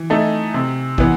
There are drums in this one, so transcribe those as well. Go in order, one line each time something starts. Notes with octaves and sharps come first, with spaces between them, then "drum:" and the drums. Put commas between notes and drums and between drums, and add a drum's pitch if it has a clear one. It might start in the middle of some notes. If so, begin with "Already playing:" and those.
Already playing: E3
A3 D#4 A4
C3
E3 B3, drum: kick